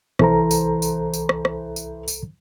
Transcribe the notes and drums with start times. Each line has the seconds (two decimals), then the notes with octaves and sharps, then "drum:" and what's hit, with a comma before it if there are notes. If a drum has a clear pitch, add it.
0.19 C2 E3 A4 C5 A#5, drum: rim click
0.51 drum: tambourine
0.82 drum: tambourine
1.14 drum: tambourine
1.29 drum: rim click
1.45 drum: rim click
1.76 drum: tambourine
2.08 drum: tambourine